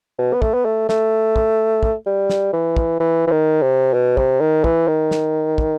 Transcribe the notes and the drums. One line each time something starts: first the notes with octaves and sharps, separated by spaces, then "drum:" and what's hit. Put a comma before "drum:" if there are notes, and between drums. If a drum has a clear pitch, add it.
B2
B3
A3, drum: kick
B3
A3
A3, drum: snare
drum: kick
drum: kick
G3
drum: snare
E3
drum: kick
E3
E3
D#3
C3
B2
C3, drum: kick
D#3
E3, drum: kick
D#3
drum: snare
drum: kick